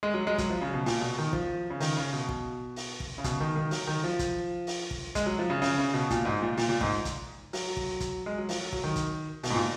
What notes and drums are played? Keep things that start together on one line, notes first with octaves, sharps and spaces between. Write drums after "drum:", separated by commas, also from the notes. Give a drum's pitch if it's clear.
G#3
F#3
G#3
F#3, drum: kick, hi-hat
F3
C#3
B2
A#2, drum: open hi-hat
B2
D#3
F3, drum: kick
C#3
D#3, drum: open hi-hat
C#3
B2
drum: kick
drum: open hi-hat
drum: kick
C#3
B2, drum: kick, hi-hat
D#3
D#3
F#3, drum: open hi-hat
D#3
F3
drum: kick, hi-hat
drum: open hi-hat
drum: kick
G#3, drum: kick, hi-hat
F#3
F3
C#3
C#3, drum: open hi-hat
C#3
B2
A#2, drum: kick, hi-hat
G#2
A#2
A#2, drum: open hi-hat
A#2
G#2, drum: kick
drum: kick, hi-hat
F#3, drum: open hi-hat
drum: kick
drum: kick, hi-hat
G#3
F#3
F3, drum: open hi-hat
F#3
F#3, drum: kick
D#3
drum: kick, hi-hat
B2, drum: open hi-hat
G#2
A#2